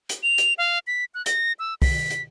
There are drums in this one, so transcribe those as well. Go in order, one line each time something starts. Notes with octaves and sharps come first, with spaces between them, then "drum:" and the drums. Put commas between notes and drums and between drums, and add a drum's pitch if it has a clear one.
drum: hi-hat
F7
drum: hi-hat
F5
B6
F#6
A#6, drum: hi-hat
E6
B6, drum: kick, open hi-hat
drum: hi-hat